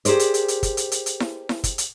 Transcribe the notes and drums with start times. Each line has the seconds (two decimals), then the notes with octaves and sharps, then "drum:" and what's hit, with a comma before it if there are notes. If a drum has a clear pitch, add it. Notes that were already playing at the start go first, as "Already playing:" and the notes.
0.05 G4 G#4 A#4 C5 D5, drum: hi-hat
0.19 drum: hi-hat
0.34 drum: hi-hat
0.48 drum: hi-hat
0.63 drum: kick, hi-hat
0.77 drum: hi-hat
0.92 drum: hi-hat
1.06 drum: hi-hat
1.20 drum: snare E4
1.49 drum: snare E4
1.64 drum: kick, hi-hat
1.78 drum: hi-hat